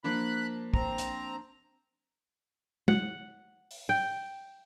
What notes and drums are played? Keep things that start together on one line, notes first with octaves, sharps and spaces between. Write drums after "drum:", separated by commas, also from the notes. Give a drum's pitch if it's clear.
F3 A#3 D4 B5 F#6
C4 A#5, drum: kick
drum: hi-hat
F#5, drum: tom
drum: open hi-hat
G5